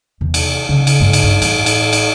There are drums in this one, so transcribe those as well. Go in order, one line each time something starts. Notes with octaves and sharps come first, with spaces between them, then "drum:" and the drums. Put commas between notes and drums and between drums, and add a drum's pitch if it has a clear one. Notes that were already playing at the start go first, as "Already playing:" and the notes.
E2 C3
drum: cymbal
C#3
drum: cymbal
G2 C4
drum: cymbal
G2
A1, drum: cymbal
drum: cymbal
drum: cymbal